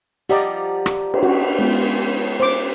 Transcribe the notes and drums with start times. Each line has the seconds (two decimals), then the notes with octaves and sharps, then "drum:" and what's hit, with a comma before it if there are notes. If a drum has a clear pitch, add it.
0.29 F3 G3 G4 D5 D#5 F#5 A#5 D6
0.86 drum: rim click
1.14 drum: cymbal
1.23 F#4
1.59 G#3 B3 F4
2.40 C5 D6